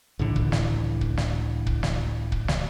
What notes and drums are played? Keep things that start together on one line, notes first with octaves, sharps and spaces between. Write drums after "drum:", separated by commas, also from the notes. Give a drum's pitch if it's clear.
C#2 A2 D3 E3
drum: kick
drum: snare
drum: kick
drum: snare
drum: kick
drum: snare
drum: kick
drum: snare